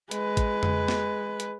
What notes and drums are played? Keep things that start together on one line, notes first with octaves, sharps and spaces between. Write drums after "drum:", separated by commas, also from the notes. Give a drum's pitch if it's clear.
G#3 B4, drum: hi-hat
drum: kick A1, hi-hat
drum: tom F2
drum: snare
drum: hi-hat